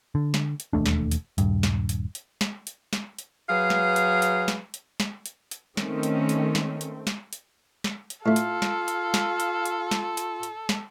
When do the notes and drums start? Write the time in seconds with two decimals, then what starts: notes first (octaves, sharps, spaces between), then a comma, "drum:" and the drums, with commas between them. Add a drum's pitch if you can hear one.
0.15 D3
0.34 drum: snare
0.60 drum: hi-hat
0.73 E1 D#2 A3 D4
0.86 drum: snare
1.11 drum: hi-hat
1.38 D#1 G2, drum: hi-hat
1.63 drum: snare
1.89 drum: hi-hat
2.15 drum: hi-hat
2.41 drum: snare
2.67 drum: hi-hat
2.93 drum: snare
3.19 drum: hi-hat
3.49 F#3 G#4 B4 F5
3.70 drum: snare
3.96 drum: hi-hat
4.22 drum: hi-hat
4.48 drum: snare
4.74 drum: hi-hat
5.00 drum: snare
5.26 drum: hi-hat
5.51 drum: hi-hat
5.77 D#3 A3 C4 C#4, drum: snare
6.03 drum: hi-hat
6.29 drum: hi-hat
6.55 drum: snare
6.81 drum: hi-hat
7.07 drum: snare
7.33 drum: hi-hat
7.84 drum: snare
8.10 drum: hi-hat
8.26 A2 A3 F4 A4 F5
8.36 drum: hi-hat
8.62 drum: snare
8.88 drum: hi-hat
9.14 drum: snare
9.40 drum: hi-hat
9.66 drum: hi-hat
9.91 drum: snare
10.17 drum: hi-hat
10.43 drum: hi-hat
10.69 drum: snare